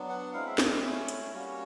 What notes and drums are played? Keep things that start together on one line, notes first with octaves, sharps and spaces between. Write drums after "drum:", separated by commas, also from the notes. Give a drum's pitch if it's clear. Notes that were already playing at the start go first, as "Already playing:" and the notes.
Already playing: F#3 B3 D4
F#5
G#3 C4 E4 F5
E5
D#5, drum: snare
D5
A3 C#4 E4 C#5
drum: hi-hat
G3 A#3 C#4 F#4